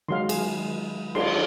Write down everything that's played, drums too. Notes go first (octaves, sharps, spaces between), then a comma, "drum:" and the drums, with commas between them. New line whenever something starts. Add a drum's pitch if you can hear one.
D#3 F#3 G#3 F5 C6
G#4, drum: cymbal
F4 C6, drum: cymbal